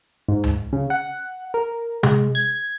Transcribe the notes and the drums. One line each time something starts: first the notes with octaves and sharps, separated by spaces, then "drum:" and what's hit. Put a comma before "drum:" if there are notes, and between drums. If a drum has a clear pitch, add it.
G#2
drum: tom C#2
C#3
F#5
A#4
G#3, drum: tom C3
G#6